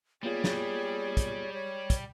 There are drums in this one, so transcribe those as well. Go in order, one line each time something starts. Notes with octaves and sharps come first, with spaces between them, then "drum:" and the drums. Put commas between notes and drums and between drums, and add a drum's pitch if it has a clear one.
G3 A#3 B3 F4 G#4 C#5
drum: snare
drum: kick, hi-hat
C#5
drum: kick, hi-hat